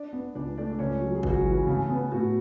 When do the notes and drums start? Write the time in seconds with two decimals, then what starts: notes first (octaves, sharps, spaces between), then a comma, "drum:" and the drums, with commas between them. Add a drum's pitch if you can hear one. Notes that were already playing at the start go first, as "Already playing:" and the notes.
Already playing: D4 D5
0.13 B3
0.35 C#2 D4 D5
0.57 A3 D4 D5
0.72 D5
0.79 C#2 C#4 C#5
1.01 F#3 F#4
1.15 G#4
1.23 C#2, drum: kick G#1
1.28 F#4
1.45 E3
1.67 C#3 A3 A4
1.90 B3
2.12 A2 F#4